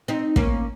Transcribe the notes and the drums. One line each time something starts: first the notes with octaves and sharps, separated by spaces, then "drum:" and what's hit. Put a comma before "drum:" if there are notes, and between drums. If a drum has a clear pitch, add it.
C4 D#4
A#3 C#4, drum: kick